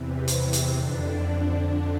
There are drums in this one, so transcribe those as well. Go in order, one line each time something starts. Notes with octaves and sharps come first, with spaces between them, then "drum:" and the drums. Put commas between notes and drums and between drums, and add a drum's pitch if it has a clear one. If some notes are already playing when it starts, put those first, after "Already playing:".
Already playing: E2 C3 E3
C4, drum: hi-hat
drum: hi-hat
F2 D3 D4
F2 D3 D4